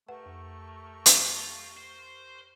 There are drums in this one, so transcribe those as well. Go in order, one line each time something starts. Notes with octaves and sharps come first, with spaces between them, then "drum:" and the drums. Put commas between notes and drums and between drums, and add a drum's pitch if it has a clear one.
A3 G4 A#4 B4 F#5 C#6
F2
drum: hi-hat
F4
C5